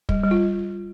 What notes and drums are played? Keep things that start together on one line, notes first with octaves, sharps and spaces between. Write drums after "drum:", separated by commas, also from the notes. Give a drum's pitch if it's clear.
G3, drum: kick
G3
F4